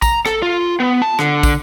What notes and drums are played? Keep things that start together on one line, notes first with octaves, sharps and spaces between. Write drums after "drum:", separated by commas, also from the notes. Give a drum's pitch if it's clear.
A#5, drum: kick, tambourine
A4, drum: rim click
F4
B3
A5
D3, drum: rim click
drum: kick, tambourine